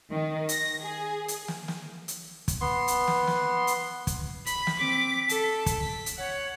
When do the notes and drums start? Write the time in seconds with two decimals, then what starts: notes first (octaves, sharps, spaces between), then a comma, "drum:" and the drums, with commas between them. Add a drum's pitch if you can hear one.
0.12 D#3
0.49 A#6, drum: hi-hat
0.81 G#4
1.28 drum: hi-hat
1.48 drum: snare
1.68 drum: snare
2.08 drum: hi-hat
2.48 drum: kick, hi-hat
2.61 B3 C6
2.88 drum: hi-hat
3.07 drum: snare
3.27 drum: snare
3.67 drum: hi-hat
4.07 drum: kick, hi-hat
4.46 B5 B6, drum: hi-hat
4.67 drum: snare
4.78 C4 D6
5.29 A4, drum: hi-hat
5.66 drum: kick, hi-hat
5.82 B6
6.06 drum: hi-hat
6.18 C#5 F#5